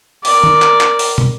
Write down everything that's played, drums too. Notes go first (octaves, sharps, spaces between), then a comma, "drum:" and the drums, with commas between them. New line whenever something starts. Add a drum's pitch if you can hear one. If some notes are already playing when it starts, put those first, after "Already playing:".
A#4 D5, drum: open hi-hat
drum: tom D#3
drum: clap
drum: clap
drum: open hi-hat
drum: tom